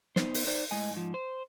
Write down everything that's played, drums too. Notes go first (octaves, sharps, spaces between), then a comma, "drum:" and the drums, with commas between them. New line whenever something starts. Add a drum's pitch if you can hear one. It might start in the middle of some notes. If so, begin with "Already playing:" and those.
B3 D#4 C5, drum: snare
drum: open hi-hat
D#4 C5 D5
A2 G#3 D#5 G#5
G#2 F3
C5